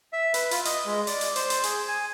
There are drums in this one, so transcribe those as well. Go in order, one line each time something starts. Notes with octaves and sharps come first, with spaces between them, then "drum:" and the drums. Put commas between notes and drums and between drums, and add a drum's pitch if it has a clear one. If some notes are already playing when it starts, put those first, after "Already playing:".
E5
B4, drum: hi-hat
F4, drum: hi-hat
D#5, drum: hi-hat
G#3
D5, drum: open hi-hat
drum: hi-hat
C5, drum: hi-hat
drum: hi-hat
G#4, drum: hi-hat
G#5